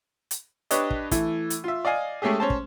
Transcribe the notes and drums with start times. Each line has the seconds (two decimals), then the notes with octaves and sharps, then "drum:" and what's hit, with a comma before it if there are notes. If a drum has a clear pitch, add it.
0.31 drum: hi-hat
0.71 D4 G4 B4 C#5 D#5, drum: hi-hat
0.90 drum: kick
1.11 E3 A3, drum: kick, hi-hat
1.50 drum: hi-hat
1.64 F4 E5
1.85 D5 D#5 F5 G#5
2.22 G#3 A3 C#4 G4 G#4
2.40 C#4 C5 A5
2.50 drum: kick